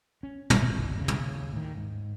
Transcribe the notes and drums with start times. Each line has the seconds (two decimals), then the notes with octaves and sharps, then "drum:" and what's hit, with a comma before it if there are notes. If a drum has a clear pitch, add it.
0.23 C#4
0.50 D#1 G#1, drum: tom
0.77 G1 C2 G2
0.97 D#2 C#3
1.08 drum: tom
1.53 A2 D#3
1.77 G#2